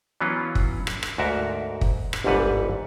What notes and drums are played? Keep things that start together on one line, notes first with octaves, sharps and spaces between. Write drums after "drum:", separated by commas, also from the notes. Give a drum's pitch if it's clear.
E3 F#3 B3 C#4 F4
drum: kick
drum: rim click
drum: rim click
D2 G#2 F#4 A#4 E5
drum: kick
drum: rim click
G1 C2 G#2 G3 B4 F#5